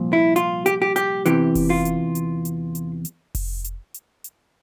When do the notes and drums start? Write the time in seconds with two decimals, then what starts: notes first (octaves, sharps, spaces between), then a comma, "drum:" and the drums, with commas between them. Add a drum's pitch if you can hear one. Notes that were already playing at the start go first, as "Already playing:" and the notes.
Already playing: C2 A#2 F3
0.13 E4
0.36 F4, drum: hi-hat
0.66 G4, drum: hi-hat
0.82 G4
0.96 G4, drum: hi-hat
1.26 E2 C3 E3 G4, drum: hi-hat
1.55 drum: kick F1, open hi-hat
1.70 F4
1.85 drum: hi-hat
2.15 drum: hi-hat
2.45 drum: hi-hat
2.75 drum: hi-hat
3.05 drum: hi-hat
3.35 drum: kick F1, open hi-hat
3.64 drum: hi-hat
3.94 drum: hi-hat
4.24 drum: hi-hat